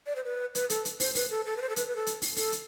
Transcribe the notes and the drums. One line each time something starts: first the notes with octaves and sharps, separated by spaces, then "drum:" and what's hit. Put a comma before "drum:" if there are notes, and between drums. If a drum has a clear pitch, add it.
D5
C5
B4
B4, drum: hi-hat
A4, drum: hi-hat
drum: hi-hat
C5, drum: open hi-hat
B4, drum: open hi-hat
A4
A4
B4
C5
A4
B4, drum: hi-hat
B4
A4
drum: hi-hat
drum: open hi-hat
A4, drum: open hi-hat
drum: hi-hat